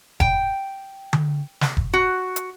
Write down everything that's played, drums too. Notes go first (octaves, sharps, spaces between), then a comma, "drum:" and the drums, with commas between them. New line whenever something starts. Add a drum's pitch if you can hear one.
G5, drum: kick F1
drum: tom D3
drum: snare
drum: kick F1
F#4
drum: hi-hat